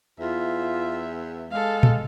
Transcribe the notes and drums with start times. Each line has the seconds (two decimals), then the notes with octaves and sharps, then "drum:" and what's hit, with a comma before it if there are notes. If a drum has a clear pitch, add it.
0.20 E2 F4 E5
1.51 G#3 A4 F5
1.83 drum: tom A#2